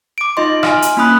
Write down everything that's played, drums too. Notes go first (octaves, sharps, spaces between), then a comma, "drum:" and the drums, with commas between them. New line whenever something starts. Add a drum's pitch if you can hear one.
D6 D7
D#4 F4 D#5 C6
G#5 C6 F6, drum: rim click
drum: hi-hat
A#3 C#4 E4 B5 D#6 F#6